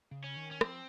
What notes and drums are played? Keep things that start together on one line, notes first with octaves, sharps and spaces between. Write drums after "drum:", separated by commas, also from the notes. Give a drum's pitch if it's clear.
C#3
C#4
D#3
C#4
F3 C4, drum: rim click